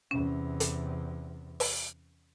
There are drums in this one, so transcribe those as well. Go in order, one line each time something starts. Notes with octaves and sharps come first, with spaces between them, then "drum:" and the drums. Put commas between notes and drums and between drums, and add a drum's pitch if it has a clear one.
E2 C3 C#4
drum: hi-hat
drum: open hi-hat